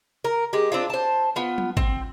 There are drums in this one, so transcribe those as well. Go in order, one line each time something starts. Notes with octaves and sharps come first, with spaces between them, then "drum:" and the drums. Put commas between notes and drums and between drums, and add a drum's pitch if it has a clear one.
A#4
G#3 G4
C4 D4 F4
C5 A5
B3 F4
drum: tom F#3
C4, drum: kick